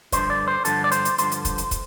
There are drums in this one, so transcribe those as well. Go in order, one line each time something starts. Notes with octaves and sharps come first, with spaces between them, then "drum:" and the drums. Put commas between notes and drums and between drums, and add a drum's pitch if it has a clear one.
G2 D3 F3 C5, drum: kick, hi-hat
D5
C5
G2 D3 F3 A4, drum: hi-hat
D5
C5, drum: hi-hat
drum: hi-hat
G2 D3 F3 C5, drum: hi-hat
drum: hi-hat
drum: kick, hi-hat
drum: hi-hat
drum: kick, hi-hat